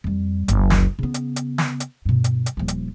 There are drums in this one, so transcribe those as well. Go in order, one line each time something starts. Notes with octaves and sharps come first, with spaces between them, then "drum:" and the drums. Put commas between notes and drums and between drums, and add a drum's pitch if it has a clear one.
F2 G3
F#1 C#2, drum: hi-hat
drum: snare
C#3 B3
drum: hi-hat
drum: hi-hat
drum: snare
drum: hi-hat
G2 B2
drum: hi-hat
drum: hi-hat
D#1 F3
drum: hi-hat